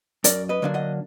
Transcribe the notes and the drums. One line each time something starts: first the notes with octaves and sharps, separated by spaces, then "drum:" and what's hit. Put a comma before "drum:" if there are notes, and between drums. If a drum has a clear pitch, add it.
F#2 A#4 D5, drum: hi-hat
B4 D#5
D3 F#3 A#3 D4
D#5 F#5